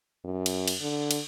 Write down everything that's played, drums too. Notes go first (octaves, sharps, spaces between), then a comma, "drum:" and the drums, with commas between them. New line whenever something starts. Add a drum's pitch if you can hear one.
F#2
drum: cymbal
drum: cymbal
D3
drum: cymbal